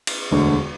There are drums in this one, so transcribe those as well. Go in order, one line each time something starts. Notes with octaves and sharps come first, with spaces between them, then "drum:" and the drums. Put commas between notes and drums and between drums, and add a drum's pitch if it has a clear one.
drum: cymbal
E1 D2 D3